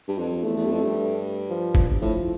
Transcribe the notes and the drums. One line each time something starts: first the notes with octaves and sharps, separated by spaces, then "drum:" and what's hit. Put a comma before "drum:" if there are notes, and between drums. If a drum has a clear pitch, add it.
G2
F2
E2 A3
E2
G2
F2
G2
F3
drum: kick
A2 F3